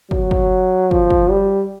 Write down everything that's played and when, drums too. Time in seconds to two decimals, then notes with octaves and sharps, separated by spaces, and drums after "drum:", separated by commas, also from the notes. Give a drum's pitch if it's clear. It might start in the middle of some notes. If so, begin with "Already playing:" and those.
0.11 F#3, drum: kick
0.31 drum: kick
0.91 F3, drum: kick
1.10 drum: kick
1.31 G3